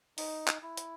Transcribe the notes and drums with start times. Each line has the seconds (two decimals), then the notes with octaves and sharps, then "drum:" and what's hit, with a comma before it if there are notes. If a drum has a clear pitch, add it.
0.18 D#4, drum: open hi-hat
0.48 drum: clap
0.63 E4
0.77 drum: hi-hat